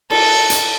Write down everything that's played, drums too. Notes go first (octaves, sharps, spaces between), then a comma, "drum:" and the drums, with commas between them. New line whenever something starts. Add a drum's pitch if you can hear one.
A4, drum: cymbal
drum: hi-hat